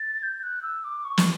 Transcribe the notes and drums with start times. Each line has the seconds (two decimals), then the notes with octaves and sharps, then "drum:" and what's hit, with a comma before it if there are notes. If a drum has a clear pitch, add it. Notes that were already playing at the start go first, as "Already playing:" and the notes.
Already playing: A6
0.23 G6
0.43 F#6
0.63 E6
0.84 D6
1.05 C#6
1.18 drum: snare